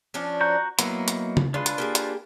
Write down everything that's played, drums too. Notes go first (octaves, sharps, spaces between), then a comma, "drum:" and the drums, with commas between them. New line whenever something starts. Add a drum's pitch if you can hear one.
F3 C#4 D4
F#4 A#5 G6
F#3 A#3 B3 D#4 E4, drum: hi-hat
drum: hi-hat
drum: tom C#3
G#3 D4 F4 B4
drum: hi-hat
A#3 G4 G#4
drum: hi-hat